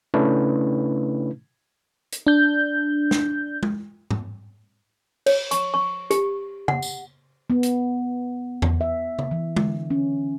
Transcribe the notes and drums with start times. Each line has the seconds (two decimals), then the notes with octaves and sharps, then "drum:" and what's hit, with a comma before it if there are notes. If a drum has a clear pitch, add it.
0.14 C#3 A3 C#4 D4 E4 B4
2.12 drum: hi-hat
2.27 D4 G6
3.11 drum: snare
3.63 drum: tom G#3
4.11 drum: tom G#2
5.26 C#5, drum: cymbal
5.51 C#6, drum: hi-hat
5.74 C#6
6.10 G4, drum: hi-hat
6.68 F#5, drum: tom
6.82 drum: tambourine
7.50 B3
7.63 drum: hi-hat
8.62 drum: tom E2
8.81 E5
9.19 drum: tom
9.31 E3
9.56 D3, drum: tom G#3
9.90 C#4